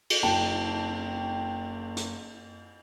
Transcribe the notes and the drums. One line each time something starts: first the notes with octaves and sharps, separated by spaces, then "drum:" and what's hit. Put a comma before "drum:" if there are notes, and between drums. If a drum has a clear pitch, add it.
drum: cymbal
F#1 G5 A5
drum: hi-hat